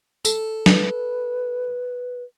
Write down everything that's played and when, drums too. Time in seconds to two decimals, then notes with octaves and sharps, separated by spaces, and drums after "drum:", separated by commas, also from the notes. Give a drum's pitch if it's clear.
0.25 A4, drum: tambourine
0.66 B4, drum: snare